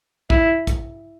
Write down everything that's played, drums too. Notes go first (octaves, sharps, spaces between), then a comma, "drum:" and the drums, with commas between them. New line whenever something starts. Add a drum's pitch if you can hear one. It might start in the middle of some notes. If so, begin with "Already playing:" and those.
E4, drum: kick
drum: kick, hi-hat